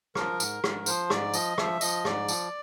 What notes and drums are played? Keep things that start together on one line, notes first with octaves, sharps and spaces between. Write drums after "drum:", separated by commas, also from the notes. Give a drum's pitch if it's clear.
F3 A#4, drum: rim click
G#2, drum: tambourine
G#2, drum: rim click
F3 C5, drum: tambourine
G#2 D5, drum: rim click
F3 D#5, drum: tambourine
F3 E5, drum: rim click
F3 D#5, drum: tambourine
G#2 D5, drum: rim click
F3, drum: tambourine